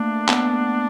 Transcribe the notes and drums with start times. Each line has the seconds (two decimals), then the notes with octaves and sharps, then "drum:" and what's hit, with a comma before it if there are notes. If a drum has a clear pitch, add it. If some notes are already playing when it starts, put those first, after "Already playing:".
Already playing: A3 A#3 D4
0.29 B3, drum: clap